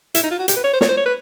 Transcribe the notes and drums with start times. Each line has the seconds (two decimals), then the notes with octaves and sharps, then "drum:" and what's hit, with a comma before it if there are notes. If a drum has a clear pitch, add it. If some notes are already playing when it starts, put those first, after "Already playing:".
0.15 E4, drum: hi-hat
0.23 D#4
0.31 F4
0.39 F#4
0.48 G4, drum: hi-hat
0.56 B4
0.64 C#5
0.73 C5
0.81 C#5, drum: snare
0.89 C5
0.97 C#5
1.06 B4